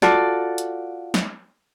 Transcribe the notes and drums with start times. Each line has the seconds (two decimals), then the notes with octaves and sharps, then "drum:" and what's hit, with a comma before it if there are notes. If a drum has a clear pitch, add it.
0.02 F4 F#4 A4 D5, drum: snare
0.58 drum: hi-hat
1.14 drum: snare